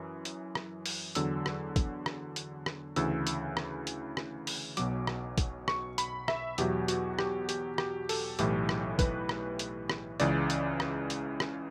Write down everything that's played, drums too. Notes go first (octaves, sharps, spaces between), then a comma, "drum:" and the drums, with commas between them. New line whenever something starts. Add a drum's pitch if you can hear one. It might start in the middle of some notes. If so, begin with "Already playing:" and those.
Already playing: F#2 E3
drum: hi-hat
drum: rim click
drum: open hi-hat
E2 D3 F#3 E6, drum: hi-hat
drum: rim click
drum: kick, hi-hat
drum: rim click
drum: hi-hat
drum: rim click
D2 C#3 E3 E6, drum: hi-hat
drum: hi-hat
drum: rim click
drum: hi-hat
drum: rim click
drum: open hi-hat
B1 B2 F#3 D6, drum: hi-hat
drum: rim click
drum: kick, hi-hat
C#6, drum: rim click
B5, drum: hi-hat
E5, drum: rim click
E2 B2 F#3 G4, drum: hi-hat
F#4, drum: hi-hat
G4, drum: rim click
G4, drum: hi-hat
G4, drum: rim click
A4, drum: open hi-hat
B1 A2 E3 G4, drum: hi-hat
drum: rim click
B4, drum: kick, hi-hat
drum: rim click
drum: hi-hat
drum: rim click
C#2 C#3 E3 D5, drum: hi-hat
drum: hi-hat
drum: rim click
drum: hi-hat
drum: rim click